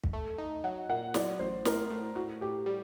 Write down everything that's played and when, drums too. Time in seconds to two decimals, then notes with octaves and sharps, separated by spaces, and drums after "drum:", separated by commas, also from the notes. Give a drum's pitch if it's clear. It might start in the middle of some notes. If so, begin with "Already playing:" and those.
0.04 drum: kick
0.13 A3
0.38 D#4
0.64 F#3 F#5
0.89 A#2 F#5
1.14 F#3 D5, drum: snare
1.39 A1 C5
1.65 A2 A#4, drum: snare
1.90 A2
2.15 A2 F#4
2.41 A2 G4
2.66 G3